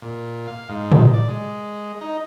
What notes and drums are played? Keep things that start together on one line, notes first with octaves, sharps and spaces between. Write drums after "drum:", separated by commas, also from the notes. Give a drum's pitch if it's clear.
A#2
F5
G#2
drum: tom
D5
G#3
D#4